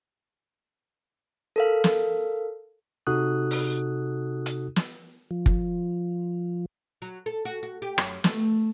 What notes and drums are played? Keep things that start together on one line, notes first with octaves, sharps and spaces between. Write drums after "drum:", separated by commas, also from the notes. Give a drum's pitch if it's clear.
A4 A#4 F5
drum: snare
C3 D#4 F#4 A4 D#6 F#6
drum: open hi-hat
drum: hi-hat
drum: snare
F3
drum: kick
F#3
A4
F#4
F#4
G4
F#2, drum: rim click
A3, drum: snare